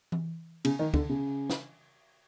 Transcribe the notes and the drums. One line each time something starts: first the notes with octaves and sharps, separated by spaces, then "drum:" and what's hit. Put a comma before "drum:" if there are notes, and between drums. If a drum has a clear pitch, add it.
drum: tom E3
C#3, drum: cymbal
D#3
D3, drum: kick
C#3
drum: snare